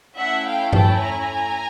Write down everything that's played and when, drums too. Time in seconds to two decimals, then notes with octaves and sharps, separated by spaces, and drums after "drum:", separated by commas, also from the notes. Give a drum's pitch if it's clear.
0.15 A3 C#4 E4 E5 F#5
0.44 F5 G5
0.73 G5 A5, drum: tom G2
1.01 G#5 A#5